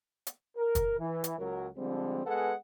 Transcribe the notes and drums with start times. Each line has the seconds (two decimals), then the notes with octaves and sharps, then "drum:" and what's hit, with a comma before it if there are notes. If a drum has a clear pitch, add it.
0.27 drum: hi-hat
0.57 A#4
0.75 drum: kick, hi-hat
0.99 E3
1.24 drum: hi-hat
1.39 C#2 F#3 A#4
1.77 D3 F3 G3 G#3 C4
2.26 G#3 B3 G#4 A4 B4 F#5